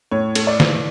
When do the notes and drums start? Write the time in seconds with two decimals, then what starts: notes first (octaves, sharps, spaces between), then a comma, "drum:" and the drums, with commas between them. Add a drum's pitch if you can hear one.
0.11 A2 C#5
0.35 A3, drum: cymbal
0.47 D5
0.60 E3, drum: snare